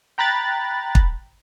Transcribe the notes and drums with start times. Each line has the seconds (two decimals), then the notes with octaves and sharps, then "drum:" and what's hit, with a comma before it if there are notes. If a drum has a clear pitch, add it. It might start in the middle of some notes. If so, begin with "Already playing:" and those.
0.18 G5 A#5 B5 F#6 A6
0.95 drum: kick